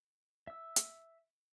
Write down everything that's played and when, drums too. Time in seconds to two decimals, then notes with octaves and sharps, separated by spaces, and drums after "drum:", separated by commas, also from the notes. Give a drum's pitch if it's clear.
0.47 E5 E6
0.76 drum: hi-hat